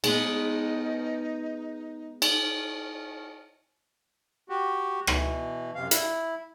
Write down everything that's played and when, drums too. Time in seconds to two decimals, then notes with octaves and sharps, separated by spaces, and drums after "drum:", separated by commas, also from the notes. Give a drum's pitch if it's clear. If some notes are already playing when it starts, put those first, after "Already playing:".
0.04 G#3 B3 D#4, drum: cymbal
2.22 drum: cymbal
4.49 F#4 G4
5.07 B2 E3, drum: rim click
5.75 F#2 C3 F5
5.91 E4, drum: hi-hat